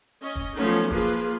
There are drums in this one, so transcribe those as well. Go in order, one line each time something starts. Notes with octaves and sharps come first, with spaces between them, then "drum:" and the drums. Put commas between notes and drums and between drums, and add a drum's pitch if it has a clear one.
C#4 D#5
drum: kick
F3 F#3 A3 B3 C#4 D#4
F3 A#3 F4 G#4 B4, drum: kick